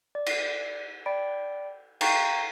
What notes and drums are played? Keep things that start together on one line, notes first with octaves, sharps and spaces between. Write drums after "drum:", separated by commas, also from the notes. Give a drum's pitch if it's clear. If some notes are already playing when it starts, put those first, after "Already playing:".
D5
drum: cymbal
D5 G5 B5 D7
F5 G5 A#5 C#6 G6, drum: cymbal